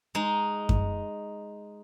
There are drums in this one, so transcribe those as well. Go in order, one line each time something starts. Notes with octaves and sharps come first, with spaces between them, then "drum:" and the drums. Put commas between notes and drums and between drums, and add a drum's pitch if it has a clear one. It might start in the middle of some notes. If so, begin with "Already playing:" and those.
G#3 D#4
drum: kick F#2